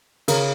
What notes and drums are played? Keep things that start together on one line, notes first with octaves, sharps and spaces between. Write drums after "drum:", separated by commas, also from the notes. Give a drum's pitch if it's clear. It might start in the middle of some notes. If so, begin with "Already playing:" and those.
C#3 A#4, drum: cymbal